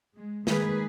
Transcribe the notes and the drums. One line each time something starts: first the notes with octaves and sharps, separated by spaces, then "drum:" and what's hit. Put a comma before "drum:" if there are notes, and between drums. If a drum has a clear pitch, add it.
G#3
D#3 G#3 A#3 G#4 B4, drum: snare